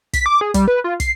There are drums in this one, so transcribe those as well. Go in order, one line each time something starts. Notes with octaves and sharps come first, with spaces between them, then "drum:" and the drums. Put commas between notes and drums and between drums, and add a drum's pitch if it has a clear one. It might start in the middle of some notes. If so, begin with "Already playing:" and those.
B6, drum: kick, hi-hat
D6
G#4
G3, drum: kick, hi-hat
B4
F4
C7, drum: kick, hi-hat